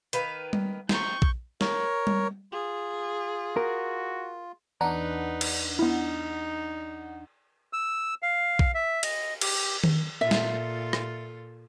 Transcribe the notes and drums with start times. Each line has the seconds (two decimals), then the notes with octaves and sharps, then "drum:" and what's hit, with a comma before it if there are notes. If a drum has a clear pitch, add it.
0.13 D#3 B4 F5, drum: hi-hat
0.53 drum: tom G3
0.89 C4 D#4 C#6 G6, drum: snare
1.22 drum: kick A#1
1.61 A#4 C#5, drum: snare
2.07 drum: tom G3
2.52 F4 G#4
3.57 F#4 A#4
4.81 E2 D4 D#4 B4 F#5 A#5
5.41 drum: cymbal
5.79 B3 D#4 E4
7.73 E6
8.22 F5
8.59 drum: kick A#1
8.74 E5
9.03 D#5, drum: cymbal
9.41 G4, drum: cymbal
9.84 drum: tom D#3
10.21 A#2 F4 A4 E5
10.31 drum: snare
10.93 drum: rim click